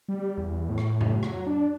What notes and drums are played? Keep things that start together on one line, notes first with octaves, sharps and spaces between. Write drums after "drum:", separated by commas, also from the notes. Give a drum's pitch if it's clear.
G3
E2
A2
drum: rim click
drum: tom F2
F#3, drum: rim click
D4